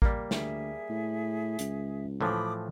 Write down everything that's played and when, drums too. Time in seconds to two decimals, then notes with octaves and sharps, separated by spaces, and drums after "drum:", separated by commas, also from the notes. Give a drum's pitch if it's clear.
0.02 G3 A#3, drum: kick A1
0.31 D2 G#4 E5, drum: snare
0.90 A2
1.59 C#2, drum: hi-hat
2.21 A2 E3 F3 B5 D6 D#6